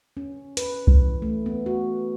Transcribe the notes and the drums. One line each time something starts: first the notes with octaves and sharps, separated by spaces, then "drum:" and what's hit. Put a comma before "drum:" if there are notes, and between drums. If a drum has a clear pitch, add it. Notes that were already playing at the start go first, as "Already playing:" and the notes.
C#4
B4, drum: hi-hat
E3, drum: kick C2
A3
B3
F#4